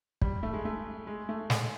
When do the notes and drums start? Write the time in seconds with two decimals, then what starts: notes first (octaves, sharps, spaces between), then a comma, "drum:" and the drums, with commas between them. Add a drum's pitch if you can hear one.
0.22 G3, drum: kick
0.43 A3
0.53 G#3
0.65 A3
1.07 G#3
1.29 A3
1.50 G#3, drum: snare